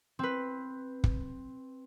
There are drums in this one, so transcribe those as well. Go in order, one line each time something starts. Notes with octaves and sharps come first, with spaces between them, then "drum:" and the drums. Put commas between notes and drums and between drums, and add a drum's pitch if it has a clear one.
C4 B4
drum: kick